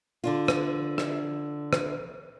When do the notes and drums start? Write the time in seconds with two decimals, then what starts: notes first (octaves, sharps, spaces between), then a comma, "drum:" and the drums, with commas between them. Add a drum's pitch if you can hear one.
0.24 D3 D4 F4
0.48 drum: rim click
0.98 drum: rim click
1.73 drum: rim click